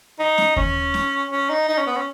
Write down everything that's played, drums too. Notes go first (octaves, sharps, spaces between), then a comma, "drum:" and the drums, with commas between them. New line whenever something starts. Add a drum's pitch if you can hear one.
D#4
drum: snare C#4
C#4, drum: kick D#2
drum: snare C#4
C#4
D#4
D#4
C#4
B3
C#4